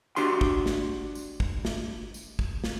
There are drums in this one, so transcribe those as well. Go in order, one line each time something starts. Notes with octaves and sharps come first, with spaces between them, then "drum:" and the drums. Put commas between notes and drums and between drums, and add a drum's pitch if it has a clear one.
D4 F#4 G4 C6, drum: tambourine
drum: kick
drum: snare
drum: tambourine
drum: kick
drum: snare
drum: tambourine
drum: kick
drum: snare